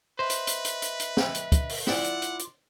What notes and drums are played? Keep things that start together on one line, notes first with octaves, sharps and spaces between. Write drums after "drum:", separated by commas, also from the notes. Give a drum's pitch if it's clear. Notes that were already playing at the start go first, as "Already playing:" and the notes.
B4 C5 D#5 E5
drum: hi-hat
drum: hi-hat
drum: hi-hat
drum: hi-hat
drum: hi-hat
drum: snare
drum: hi-hat
drum: kick, hi-hat
drum: open hi-hat
E4 F4 D5 F#5 D6, drum: snare
drum: hi-hat
drum: hi-hat
drum: hi-hat